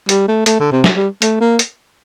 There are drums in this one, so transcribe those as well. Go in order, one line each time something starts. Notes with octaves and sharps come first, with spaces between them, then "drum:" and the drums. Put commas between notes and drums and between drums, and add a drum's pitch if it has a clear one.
G3, drum: hi-hat
A3
A3, drum: hi-hat
D3
C3
drum: snare
G3
A3, drum: hi-hat
A#3
drum: hi-hat